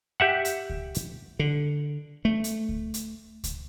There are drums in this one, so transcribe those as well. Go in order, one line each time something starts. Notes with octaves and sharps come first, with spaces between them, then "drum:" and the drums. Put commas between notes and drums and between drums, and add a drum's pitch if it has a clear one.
G4 E5 F#5
drum: hi-hat
drum: kick C#2
drum: hi-hat
D3
A3
drum: hi-hat
drum: kick C#2
drum: hi-hat
drum: kick C#2, hi-hat